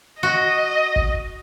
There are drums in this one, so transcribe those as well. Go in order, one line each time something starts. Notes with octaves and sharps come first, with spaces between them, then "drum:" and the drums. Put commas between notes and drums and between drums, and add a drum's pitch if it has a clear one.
F#4 D#5
drum: kick